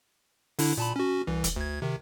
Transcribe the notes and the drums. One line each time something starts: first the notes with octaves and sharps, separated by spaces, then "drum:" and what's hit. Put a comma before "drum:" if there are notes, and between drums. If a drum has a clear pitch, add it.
D3 D4 E4, drum: open hi-hat
A#2 A5 B5
C#4 F#4
C2 E3
drum: kick, hi-hat
D2 G#6
C3 D#3